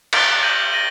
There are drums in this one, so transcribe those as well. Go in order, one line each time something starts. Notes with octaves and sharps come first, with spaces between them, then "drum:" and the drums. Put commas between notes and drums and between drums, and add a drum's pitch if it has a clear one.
A6 D7 G7, drum: cymbal
G6 A#6 D#7 F#7
G6 A#6 D#7 F#7